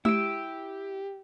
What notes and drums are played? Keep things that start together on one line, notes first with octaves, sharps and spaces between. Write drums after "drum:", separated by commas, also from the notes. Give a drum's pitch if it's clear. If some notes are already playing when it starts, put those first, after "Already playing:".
E4 G4 E6 D7, drum: tom G#3